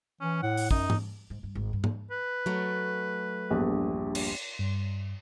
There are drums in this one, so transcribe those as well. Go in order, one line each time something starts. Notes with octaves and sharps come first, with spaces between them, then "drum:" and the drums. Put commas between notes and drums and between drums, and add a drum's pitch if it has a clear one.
E3 C#4
A2 F#5
drum: open hi-hat
F#2 D#4, drum: kick
drum: tom G#2
G#2
G2
G#1
G2
drum: tom G#2
B4
F#3 A3
A#1 E2 G2
drum: cymbal
G2